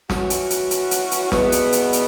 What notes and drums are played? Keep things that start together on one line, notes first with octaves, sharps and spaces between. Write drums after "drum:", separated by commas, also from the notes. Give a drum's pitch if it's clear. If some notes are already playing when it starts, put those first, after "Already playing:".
E3 C#4 F#4, drum: snare
drum: hi-hat
drum: hi-hat
drum: hi-hat
drum: hi-hat
drum: hi-hat
E2 B2 B3, drum: snare
drum: hi-hat
drum: hi-hat
drum: hi-hat